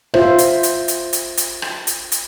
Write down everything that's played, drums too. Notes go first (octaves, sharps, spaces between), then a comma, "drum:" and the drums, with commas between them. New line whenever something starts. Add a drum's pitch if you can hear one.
F4 C5 E5, drum: rim click
drum: hi-hat
drum: hi-hat
drum: hi-hat
drum: hi-hat
drum: hi-hat
drum: rim click
drum: hi-hat
drum: hi-hat